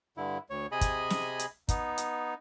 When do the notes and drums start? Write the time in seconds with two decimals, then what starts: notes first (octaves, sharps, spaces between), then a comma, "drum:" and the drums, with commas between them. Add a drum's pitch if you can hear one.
0.17 G2 D3 E4
0.50 D2 C#5
0.72 C3 G#4 D#5 G#5 B5
0.81 drum: kick, hi-hat
1.10 drum: snare
1.39 drum: hi-hat
1.68 B3 D#4, drum: kick, hi-hat
1.98 drum: hi-hat